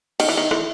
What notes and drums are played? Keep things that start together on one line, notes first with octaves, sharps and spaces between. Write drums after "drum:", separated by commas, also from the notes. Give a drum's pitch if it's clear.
D#3, drum: cymbal
E3
D#3
E3, drum: rim click